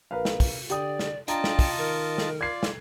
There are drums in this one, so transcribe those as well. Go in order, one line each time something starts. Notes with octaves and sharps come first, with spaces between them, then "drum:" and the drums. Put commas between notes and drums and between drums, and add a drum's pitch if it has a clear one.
A#1 A#4 B4 F5
drum: snare
drum: kick, open hi-hat
D3 G4 D5 G5 D#6, drum: hi-hat
drum: snare
D4 F4 D#5 G5 A5 A#5, drum: hi-hat
drum: snare
drum: kick, open hi-hat
D#3 A#4
drum: snare
F4 D5 G#6 C7
drum: snare